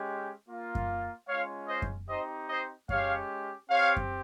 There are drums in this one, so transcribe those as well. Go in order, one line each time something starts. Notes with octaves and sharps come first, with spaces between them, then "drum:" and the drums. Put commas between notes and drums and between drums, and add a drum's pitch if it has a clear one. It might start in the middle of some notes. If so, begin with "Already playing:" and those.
Already playing: G#3 C#4 G4
A#3 F4
drum: kick F#2
G#3 C#4 F4 C#5 F5
C5 D#5
drum: kick F#2
C4 D#4 G4 C5 D#5
C5 D#5
G#3 C#4 G4 C#5 F5, drum: kick F#2
C4 G4 C#5 F5
drum: kick F#2